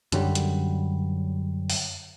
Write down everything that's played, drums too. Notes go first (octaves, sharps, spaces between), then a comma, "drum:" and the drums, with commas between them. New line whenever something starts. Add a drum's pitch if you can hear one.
F#2 D3 F#3 G3, drum: hi-hat
drum: hi-hat
drum: open hi-hat